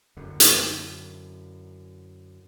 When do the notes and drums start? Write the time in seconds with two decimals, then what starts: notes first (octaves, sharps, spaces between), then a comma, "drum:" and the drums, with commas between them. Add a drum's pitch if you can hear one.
0.17 F#2 D3
0.40 drum: hi-hat